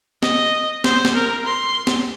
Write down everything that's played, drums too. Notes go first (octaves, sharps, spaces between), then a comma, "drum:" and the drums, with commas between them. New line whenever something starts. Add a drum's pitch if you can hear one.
D#5, drum: snare
C5, drum: snare
drum: snare
A#4
C6
drum: snare